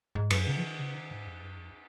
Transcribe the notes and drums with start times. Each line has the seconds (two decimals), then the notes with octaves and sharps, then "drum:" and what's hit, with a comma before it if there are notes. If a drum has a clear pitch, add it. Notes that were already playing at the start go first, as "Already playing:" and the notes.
0.15 G#2
0.31 F#2, drum: cymbal
0.47 C#3
0.57 F3
0.63 D#3
0.79 C#3
0.95 D#3
1.11 G#2
1.26 F2
1.42 F#2
1.58 F2